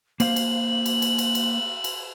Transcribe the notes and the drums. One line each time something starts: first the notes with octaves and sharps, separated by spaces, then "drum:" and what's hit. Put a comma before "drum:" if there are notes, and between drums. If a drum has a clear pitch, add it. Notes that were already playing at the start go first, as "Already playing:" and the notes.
A#3 C5 F5 F#7, drum: cymbal
drum: cymbal
drum: cymbal
drum: cymbal
drum: cymbal
drum: cymbal
drum: cymbal